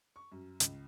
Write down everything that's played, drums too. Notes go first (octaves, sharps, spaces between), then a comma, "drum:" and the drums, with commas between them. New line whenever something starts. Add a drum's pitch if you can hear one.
C#6
F#2
C#2, drum: hi-hat